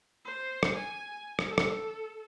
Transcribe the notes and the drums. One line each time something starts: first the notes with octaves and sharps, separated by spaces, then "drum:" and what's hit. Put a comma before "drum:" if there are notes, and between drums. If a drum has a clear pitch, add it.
C5
drum: rim click
G#5
drum: rim click
A4
drum: rim click